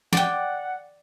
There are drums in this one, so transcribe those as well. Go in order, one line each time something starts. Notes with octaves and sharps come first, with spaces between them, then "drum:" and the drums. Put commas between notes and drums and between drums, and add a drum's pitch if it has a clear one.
D5 F#5 G5, drum: snare